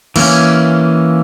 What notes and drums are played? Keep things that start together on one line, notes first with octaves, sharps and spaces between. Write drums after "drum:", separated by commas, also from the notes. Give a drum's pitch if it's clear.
E3 A#3 C#4, drum: cymbal